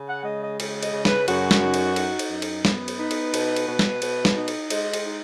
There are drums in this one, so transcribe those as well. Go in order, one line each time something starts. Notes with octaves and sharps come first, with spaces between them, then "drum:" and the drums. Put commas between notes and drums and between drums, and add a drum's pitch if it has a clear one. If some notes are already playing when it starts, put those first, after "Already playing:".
Already playing: C#3
F#5
G#3 D#5
D#5
C#3, drum: cymbal
D#5, drum: cymbal
C#3
B4, drum: snare
F#2 F#4, drum: cymbal
drum: snare
D#4
drum: cymbal
D#4, drum: cymbal
drum: cymbal
F#2
drum: cymbal
B3, drum: snare
drum: cymbal
D#4 B4
drum: cymbal
B2, drum: cymbal
drum: cymbal
B2
drum: snare
B2, drum: cymbal
drum: snare
D#4
drum: cymbal
G#3 D#5, drum: cymbal
drum: cymbal
D#4